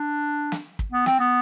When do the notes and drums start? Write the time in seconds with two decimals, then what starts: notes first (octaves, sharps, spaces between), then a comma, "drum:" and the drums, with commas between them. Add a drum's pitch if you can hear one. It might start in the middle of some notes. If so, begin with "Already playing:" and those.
Already playing: D4
0.52 drum: snare
0.79 drum: kick
0.92 B3
1.06 C4, drum: snare
1.19 B3